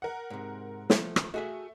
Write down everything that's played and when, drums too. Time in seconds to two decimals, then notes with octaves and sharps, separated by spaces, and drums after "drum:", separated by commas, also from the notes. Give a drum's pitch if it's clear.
0.02 A#4 F#5
0.30 G#2 C3
0.90 F3 A3, drum: snare
1.16 drum: rim click
1.34 A3 F#4 G#4 E5